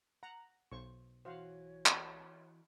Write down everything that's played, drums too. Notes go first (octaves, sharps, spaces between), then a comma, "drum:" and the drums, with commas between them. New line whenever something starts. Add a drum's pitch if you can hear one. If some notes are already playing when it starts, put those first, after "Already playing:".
F#5 A#5
B1 C5 C#6
E3 F#4 C5 C#5 F5 F#5
drum: clap